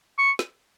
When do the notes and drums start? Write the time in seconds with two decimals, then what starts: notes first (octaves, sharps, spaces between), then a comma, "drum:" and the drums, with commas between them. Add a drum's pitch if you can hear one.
0.19 C#6
0.39 drum: snare